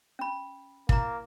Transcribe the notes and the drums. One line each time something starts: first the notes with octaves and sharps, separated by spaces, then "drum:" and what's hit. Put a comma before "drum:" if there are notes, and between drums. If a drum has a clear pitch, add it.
C#4 B5
A#3 E4 A#5, drum: kick